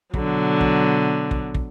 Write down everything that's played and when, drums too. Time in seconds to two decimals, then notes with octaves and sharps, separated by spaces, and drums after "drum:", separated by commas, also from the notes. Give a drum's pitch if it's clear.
0.14 B2 D3 F#3, drum: kick
0.61 drum: kick
1.31 drum: kick
1.54 drum: kick